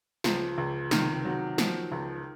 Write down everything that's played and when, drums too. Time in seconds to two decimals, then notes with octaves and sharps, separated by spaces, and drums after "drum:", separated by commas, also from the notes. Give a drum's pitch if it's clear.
0.24 C#2 F3, drum: snare
0.58 C#2
0.91 C3 D#3, drum: snare
1.25 F#3
1.58 F3, drum: snare
1.92 C#2